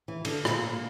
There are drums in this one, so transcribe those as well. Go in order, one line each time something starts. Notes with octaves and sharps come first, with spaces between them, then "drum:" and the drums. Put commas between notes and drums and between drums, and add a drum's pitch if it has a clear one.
E3
D3, drum: cymbal
A#2, drum: rim click
A#3